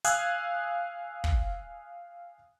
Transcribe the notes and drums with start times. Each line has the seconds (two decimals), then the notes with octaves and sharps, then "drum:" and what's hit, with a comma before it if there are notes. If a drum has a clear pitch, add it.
0.05 F5 G#5 D#6 E6 F#6 G#6, drum: hi-hat
1.24 drum: kick